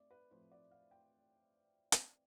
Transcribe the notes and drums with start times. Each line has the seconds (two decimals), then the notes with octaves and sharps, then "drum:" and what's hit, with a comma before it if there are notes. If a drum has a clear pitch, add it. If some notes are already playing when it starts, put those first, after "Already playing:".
Already playing: A3 C4 D5
0.11 B4
0.31 A2 F3 A3 C4 C5
0.52 D5
0.71 F5
0.91 G5
1.92 drum: hi-hat